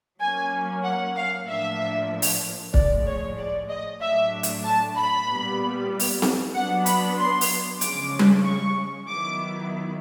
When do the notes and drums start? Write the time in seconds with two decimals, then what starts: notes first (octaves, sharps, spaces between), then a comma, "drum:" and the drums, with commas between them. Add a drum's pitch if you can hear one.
0.20 F#3 A#3 C#4 G#5
0.84 F#5
1.16 F5
1.47 A2 F3 A#3 D4 E5
2.22 drum: open hi-hat
2.74 A2 F3 G#3 D5, drum: kick
3.06 C#5
3.38 D5
3.69 D#5
4.00 A2 F#3 A3 D4 E5
4.43 drum: hi-hat
4.64 A5
4.96 B5
5.28 A#2 G3 B3
5.99 drum: open hi-hat
6.22 drum: snare C4
6.55 F#3 B3 D4 F#5
6.86 B5, drum: hi-hat
7.18 C6
7.41 drum: open hi-hat
7.81 C#3 F3 G#3 C#4 D6, drum: hi-hat
8.19 drum: tom G3
8.45 C#6
9.07 D#3 F#3 B3 E4 D6